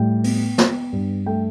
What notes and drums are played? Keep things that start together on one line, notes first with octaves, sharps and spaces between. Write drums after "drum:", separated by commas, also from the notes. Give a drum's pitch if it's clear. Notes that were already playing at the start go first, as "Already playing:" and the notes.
Already playing: A2 G3 G5
B3, drum: open hi-hat
B3, drum: snare
G2
A3 G5